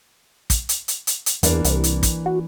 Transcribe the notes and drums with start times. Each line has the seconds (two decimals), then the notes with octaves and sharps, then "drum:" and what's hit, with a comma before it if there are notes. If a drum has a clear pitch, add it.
0.50 drum: kick, hi-hat
0.69 drum: hi-hat
0.88 drum: hi-hat
1.07 drum: hi-hat
1.26 drum: hi-hat
1.43 E2 E3 A#3 D4, drum: hi-hat
1.64 C2, drum: hi-hat
1.84 drum: hi-hat
2.03 drum: kick, hi-hat
2.26 F#4